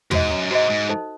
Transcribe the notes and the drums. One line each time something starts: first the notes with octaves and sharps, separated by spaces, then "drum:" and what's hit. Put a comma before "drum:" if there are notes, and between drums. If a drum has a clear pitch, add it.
G#2 F#4 C5 D#5, drum: tom
F#2
G#2 F#4 C5 D#5
G#2
D#4 A4 C5